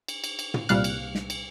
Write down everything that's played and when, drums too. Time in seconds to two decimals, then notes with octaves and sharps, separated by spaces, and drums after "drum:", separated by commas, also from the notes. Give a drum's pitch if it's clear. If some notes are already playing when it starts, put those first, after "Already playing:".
0.08 drum: cymbal
0.24 drum: cymbal
0.39 drum: cymbal
0.54 drum: tom
0.69 C2 A#2 G3 F5 F6 F#6, drum: cymbal
0.84 drum: cymbal
1.15 drum: snare
1.30 drum: cymbal